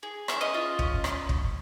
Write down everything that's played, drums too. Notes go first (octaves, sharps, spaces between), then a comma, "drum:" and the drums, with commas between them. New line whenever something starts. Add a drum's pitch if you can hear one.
G#4
C#4 E5, drum: rim click
D#5
F4
C#4, drum: kick
drum: rim click
drum: kick